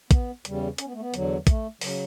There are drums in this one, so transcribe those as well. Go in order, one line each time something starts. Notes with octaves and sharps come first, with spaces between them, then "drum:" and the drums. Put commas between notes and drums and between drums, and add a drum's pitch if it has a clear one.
B3, drum: kick, hi-hat
E2 C#3 G3, drum: hi-hat
C#4, drum: hi-hat
B3
A3
B3
E2 D3 F#3, drum: hi-hat
A3, drum: kick, hi-hat
C#3 F#3, drum: open hi-hat